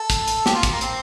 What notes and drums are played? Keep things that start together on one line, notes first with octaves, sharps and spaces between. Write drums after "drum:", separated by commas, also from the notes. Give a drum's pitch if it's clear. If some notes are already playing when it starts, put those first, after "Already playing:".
Already playing: A4
drum: kick, hi-hat
drum: hi-hat
G4, drum: snare
F4
drum: kick, hi-hat
A#3
C4, drum: hi-hat